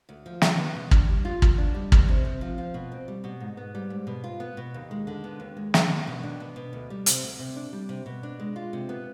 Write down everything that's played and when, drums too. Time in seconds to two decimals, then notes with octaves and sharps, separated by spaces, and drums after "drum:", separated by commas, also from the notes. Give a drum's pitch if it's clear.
0.09 D2
0.26 F3
0.42 D3, drum: snare
0.58 B3
0.75 B2
0.91 D4, drum: kick
1.09 G3
1.25 F4
1.42 B2, drum: kick
1.58 D4
1.75 G3
1.92 B2, drum: kick
2.08 C3
2.25 C4
2.41 F3
2.58 F4
2.74 B2
2.92 C4
3.08 G3
3.24 B2
3.40 G#2
3.57 B3
3.75 G3
3.90 G#2
4.07 B2
4.24 F4
4.40 B3
4.57 B2
4.74 D#2
4.91 G#3
5.07 D3
5.24 B3
5.40 D#2
5.57 G#3
5.74 D3, drum: snare
5.90 D#2
6.07 B2
6.23 D4
6.40 B3
6.56 B2
6.73 D2
6.90 G3
7.06 C3, drum: hi-hat
7.23 D2
7.39 C3
7.56 D4
7.73 G3
7.89 C3
8.06 B2
8.23 D4
8.40 G#3
8.56 F4
8.73 C3
8.89 B3